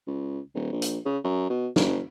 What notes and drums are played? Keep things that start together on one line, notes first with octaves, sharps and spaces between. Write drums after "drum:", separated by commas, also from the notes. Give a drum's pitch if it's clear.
C#2
D#1
A#1
drum: hi-hat
C#3
F#2
B2
F#1, drum: snare